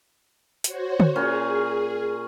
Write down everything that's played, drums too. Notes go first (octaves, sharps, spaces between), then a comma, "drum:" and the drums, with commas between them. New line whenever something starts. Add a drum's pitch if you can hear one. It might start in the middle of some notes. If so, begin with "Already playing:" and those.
F#4 C5 C#5, drum: hi-hat
drum: tom D3
A#2 C#4 G#4